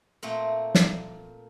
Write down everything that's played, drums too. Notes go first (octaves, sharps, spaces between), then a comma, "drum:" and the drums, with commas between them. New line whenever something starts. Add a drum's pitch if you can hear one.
A#2 A3 A#3 C4
drum: snare